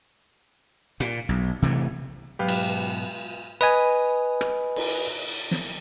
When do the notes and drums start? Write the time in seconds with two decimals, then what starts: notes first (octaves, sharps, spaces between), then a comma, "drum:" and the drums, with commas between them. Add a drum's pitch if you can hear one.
1.00 A#2, drum: hi-hat
1.29 B1
1.62 C3 E3 F#3 A3
2.39 G#2 B2 F#3 B3 G4 B4 F5
2.48 drum: cymbal
3.61 B4 D#5 G#5
4.41 drum: rim click
4.76 drum: cymbal
5.51 drum: snare